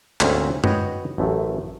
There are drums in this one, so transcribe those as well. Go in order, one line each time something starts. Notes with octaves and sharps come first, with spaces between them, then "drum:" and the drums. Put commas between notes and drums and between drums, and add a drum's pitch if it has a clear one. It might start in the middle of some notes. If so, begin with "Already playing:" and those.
D2 G#2 A#3 C4 C#4, drum: clap
F#4 B4 C#5 D#5 G5, drum: tom F#2
A1 F#2 A3